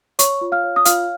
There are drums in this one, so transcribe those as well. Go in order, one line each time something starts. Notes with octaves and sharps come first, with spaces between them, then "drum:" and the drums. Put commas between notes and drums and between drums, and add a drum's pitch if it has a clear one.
C#5 C#6, drum: hi-hat
F4
F5 F6
C#5
D#6
F4 F5 F6, drum: hi-hat